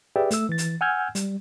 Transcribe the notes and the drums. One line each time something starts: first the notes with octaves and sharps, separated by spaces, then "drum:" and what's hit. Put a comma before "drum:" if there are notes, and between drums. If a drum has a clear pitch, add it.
G4 G#4 B4 D5 E5 G5
A3 E6, drum: hi-hat
E3 A6
drum: hi-hat
F#5 G#5 E6 F6 G6 G#6
G3, drum: hi-hat